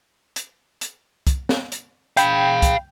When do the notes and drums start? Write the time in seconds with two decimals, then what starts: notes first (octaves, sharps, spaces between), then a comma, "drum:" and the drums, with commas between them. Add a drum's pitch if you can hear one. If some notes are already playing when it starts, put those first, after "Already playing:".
0.36 drum: hi-hat
0.81 drum: hi-hat
1.27 drum: kick, hi-hat
1.49 drum: snare
1.72 drum: hi-hat
2.17 F5 G5 B5, drum: hi-hat
2.62 drum: kick, hi-hat